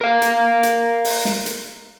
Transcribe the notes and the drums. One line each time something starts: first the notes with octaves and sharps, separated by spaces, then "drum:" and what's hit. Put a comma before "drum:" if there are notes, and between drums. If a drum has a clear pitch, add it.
A#4 F5
drum: hi-hat
drum: hi-hat
drum: open hi-hat
drum: snare
drum: hi-hat